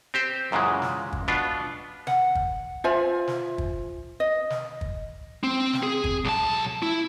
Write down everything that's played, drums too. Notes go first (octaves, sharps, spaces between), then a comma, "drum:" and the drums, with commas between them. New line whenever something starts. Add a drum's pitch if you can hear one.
C4 G4 C5
F#2 A#2 C#3 E3 G#3
drum: snare
drum: kick
B2 B3 D4 F4
F#5, drum: snare
drum: kick
F4 C5 E5 G#5
drum: snare
drum: kick
D#5
drum: snare
drum: kick
C4
drum: snare
G#4
drum: kick
B1 A5
E4